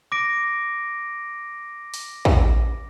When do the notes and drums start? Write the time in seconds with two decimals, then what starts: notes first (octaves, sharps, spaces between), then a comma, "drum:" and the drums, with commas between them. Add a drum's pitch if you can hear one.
0.12 D6 A#6 D7
1.94 drum: open hi-hat
2.25 drum: kick